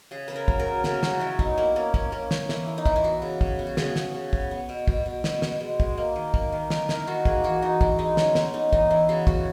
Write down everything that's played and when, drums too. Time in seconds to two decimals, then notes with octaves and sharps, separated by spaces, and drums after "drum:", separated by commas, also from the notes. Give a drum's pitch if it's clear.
0.11 C#3 G#4
0.28 C#3 B4
0.36 A#4
0.48 F#3, drum: kick
0.60 A#4
0.67 F#3
0.84 C#3 A#4, drum: snare
1.03 C#3 F#4, drum: snare
1.20 F#3 E4
1.39 B3 D#4, drum: kick
1.57 A#3 E4
1.76 A#3 C#4
1.94 A#3 C#4, drum: kick
2.12 A#3 C#4
2.31 A#3, drum: snare
2.49 E3 E4, drum: snare
2.68 E3
2.78 D#4
2.86 E3 E4, drum: kick
2.96 E4
3.04 B3 F#4
3.22 C#3
3.41 C#3, drum: kick
3.59 B3
3.67 F#4
3.77 C#3 G#4, drum: snare
3.96 C#3, drum: snare
4.14 C#3
4.33 B3, drum: kick
4.51 B3
4.69 B2
4.88 B2, drum: kick
5.06 B2
5.24 B2, drum: snare
5.42 B2, drum: snare
5.61 G#3
5.80 G#3, drum: kick
5.97 A#3
6.16 D#3
6.34 A#3, drum: kick
6.52 D#3
6.70 D#3 A#4, drum: snare
6.89 D#3 E4, drum: snare
7.07 D#3 F#4
7.25 A#3 G#4, drum: kick
7.44 E3 F#4
7.62 E3 D#4
7.81 E3 E4, drum: kick
7.99 G#3 D#4
8.17 G#3 C#4, drum: snare
8.35 B3 D#4, drum: snare
8.54 B3 D#4
8.73 E3 D#4, drum: kick
8.90 E3 E4
9.09 C#3 F#4
9.27 C#3 F#4, drum: kick